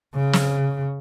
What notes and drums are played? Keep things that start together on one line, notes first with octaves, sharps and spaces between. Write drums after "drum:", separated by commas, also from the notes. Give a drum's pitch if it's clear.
C#3
drum: snare